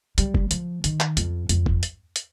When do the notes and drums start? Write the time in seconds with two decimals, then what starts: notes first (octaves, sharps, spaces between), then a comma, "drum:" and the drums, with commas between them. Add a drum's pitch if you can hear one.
0.18 G3, drum: hi-hat
0.34 drum: kick
0.51 F3, drum: hi-hat
0.84 D#3, drum: hi-hat
1.00 drum: clap
1.17 F2, drum: hi-hat
1.49 F2, drum: hi-hat
1.66 drum: kick
1.83 drum: hi-hat
2.16 drum: hi-hat